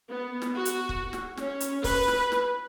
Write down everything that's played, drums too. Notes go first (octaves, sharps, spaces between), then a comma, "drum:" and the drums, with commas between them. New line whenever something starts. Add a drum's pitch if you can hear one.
B3
drum: snare
F#4
drum: hi-hat
drum: kick
drum: snare
C#4, drum: snare
drum: hi-hat
B4, drum: kick, open hi-hat
drum: snare
drum: snare